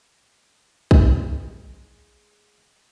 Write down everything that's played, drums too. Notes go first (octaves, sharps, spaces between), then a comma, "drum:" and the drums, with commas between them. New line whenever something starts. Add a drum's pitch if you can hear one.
G#3 D#4, drum: kick